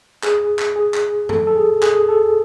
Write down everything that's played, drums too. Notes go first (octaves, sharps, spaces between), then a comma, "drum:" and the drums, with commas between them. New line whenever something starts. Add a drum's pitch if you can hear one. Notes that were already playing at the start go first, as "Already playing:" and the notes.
G#4, drum: clap
drum: clap
G#4
drum: clap
A4, drum: tom F#2
A4
G#4
G#4, drum: clap
A4